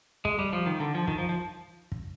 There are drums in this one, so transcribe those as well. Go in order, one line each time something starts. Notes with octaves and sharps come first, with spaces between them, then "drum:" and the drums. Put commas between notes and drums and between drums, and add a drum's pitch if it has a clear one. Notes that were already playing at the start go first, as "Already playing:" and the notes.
G#3, drum: kick
G3
F3
D#3
D3
F3
D#3, drum: kick
F3
F3
drum: kick